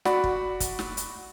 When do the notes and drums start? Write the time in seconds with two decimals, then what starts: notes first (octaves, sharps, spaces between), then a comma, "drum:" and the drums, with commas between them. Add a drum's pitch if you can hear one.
0.05 F#4 D5 F#5 B5, drum: snare
0.24 drum: kick
0.60 drum: kick, hi-hat
0.79 drum: snare
0.97 drum: hi-hat